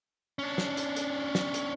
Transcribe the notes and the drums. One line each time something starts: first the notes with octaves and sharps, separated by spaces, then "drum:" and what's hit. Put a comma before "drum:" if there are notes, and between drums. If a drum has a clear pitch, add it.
C#4 D4
drum: snare
drum: hi-hat
drum: hi-hat
drum: snare
drum: hi-hat